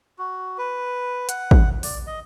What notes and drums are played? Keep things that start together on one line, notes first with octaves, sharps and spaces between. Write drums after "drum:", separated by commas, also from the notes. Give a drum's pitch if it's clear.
F#4
B4
F#5, drum: hi-hat
drum: kick
D5, drum: open hi-hat
D#5